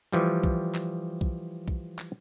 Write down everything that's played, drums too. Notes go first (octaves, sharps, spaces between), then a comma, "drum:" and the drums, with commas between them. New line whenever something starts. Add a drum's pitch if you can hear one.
E3 F3 G3
drum: kick B1
drum: clap
drum: kick B1
drum: kick B1
drum: clap